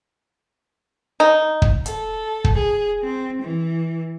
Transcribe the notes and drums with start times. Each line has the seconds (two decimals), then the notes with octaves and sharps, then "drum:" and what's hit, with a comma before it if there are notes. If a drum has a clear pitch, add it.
1.20 D#4
1.62 drum: kick
1.86 A4, drum: hi-hat
2.44 drum: kick
2.56 G#4
3.03 C4
3.42 E3